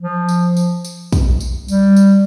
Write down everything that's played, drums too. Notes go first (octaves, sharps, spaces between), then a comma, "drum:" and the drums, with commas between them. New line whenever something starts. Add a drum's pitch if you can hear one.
F3
drum: tambourine
drum: tambourine
drum: tambourine
drum: kick, tambourine
drum: tambourine
G3, drum: tambourine
drum: tambourine